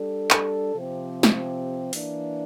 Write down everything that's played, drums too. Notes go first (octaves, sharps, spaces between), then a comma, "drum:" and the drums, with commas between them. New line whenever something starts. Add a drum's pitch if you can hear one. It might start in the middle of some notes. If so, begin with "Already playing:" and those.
Already playing: G3 D4 A4
drum: clap
C3 F3 C4 G4
drum: snare
E3 A#3 D4, drum: open hi-hat